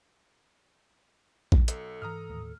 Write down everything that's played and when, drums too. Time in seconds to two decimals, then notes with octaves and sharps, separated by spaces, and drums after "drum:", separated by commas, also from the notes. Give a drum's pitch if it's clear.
1.52 drum: kick A#1
1.68 B1 A4, drum: hi-hat
2.02 G#2 E3 A#5 D#6 F6
2.29 D#2 A2